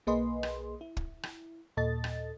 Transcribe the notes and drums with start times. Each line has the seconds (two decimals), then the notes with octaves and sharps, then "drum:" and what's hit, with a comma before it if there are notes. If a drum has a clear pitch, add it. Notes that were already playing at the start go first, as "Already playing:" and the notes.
0.07 B1 A#3 G#4 B4 D#5 C6
0.43 drum: rim click
0.81 E4
0.97 drum: kick
1.23 drum: rim click
1.77 D#2 A#2 A4 D#5 A6
2.04 drum: rim click